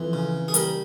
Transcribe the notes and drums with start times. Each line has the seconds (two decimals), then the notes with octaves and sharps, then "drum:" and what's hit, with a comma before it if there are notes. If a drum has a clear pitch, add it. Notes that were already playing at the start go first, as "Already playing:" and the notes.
Already playing: F2 E3
0.13 C#3
0.48 G#4
0.54 G3 A#4, drum: hi-hat